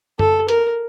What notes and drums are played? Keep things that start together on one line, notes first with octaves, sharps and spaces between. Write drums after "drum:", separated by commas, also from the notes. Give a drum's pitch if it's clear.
A4, drum: tom F#2
A#4, drum: hi-hat